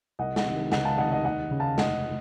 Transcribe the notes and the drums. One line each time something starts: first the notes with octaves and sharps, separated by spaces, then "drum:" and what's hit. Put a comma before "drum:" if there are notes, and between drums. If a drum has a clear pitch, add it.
C2 D#5 F#5
D#5 F#5, drum: snare
C3 D#3
C#2 D#5 F#5, drum: snare
F5 A5
C3 D#3 D#5 F#5
D#5 F#5
D#2 D#5 F#5
C#3
F5 A5
F1 D#5 F#5, drum: snare